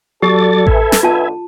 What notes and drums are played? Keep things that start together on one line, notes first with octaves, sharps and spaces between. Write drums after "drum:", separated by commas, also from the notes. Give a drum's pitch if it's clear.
F#3 G4 A4 D5 A6
B4 E5 G#5, drum: kick A1
drum: snare
B1 D3 F4 A5